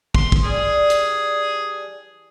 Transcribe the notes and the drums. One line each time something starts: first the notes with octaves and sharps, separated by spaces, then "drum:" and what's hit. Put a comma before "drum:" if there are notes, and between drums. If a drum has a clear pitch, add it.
C6, drum: kick
drum: kick
E3 G3 D4 G#4
drum: hi-hat